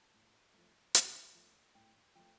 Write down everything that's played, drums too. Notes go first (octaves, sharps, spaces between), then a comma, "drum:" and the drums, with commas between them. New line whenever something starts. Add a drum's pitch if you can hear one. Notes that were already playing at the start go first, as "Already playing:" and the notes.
Already playing: A5
A2
F3 A3
A2, drum: hi-hat
F3 A3
A2 G5
F3 A3 G5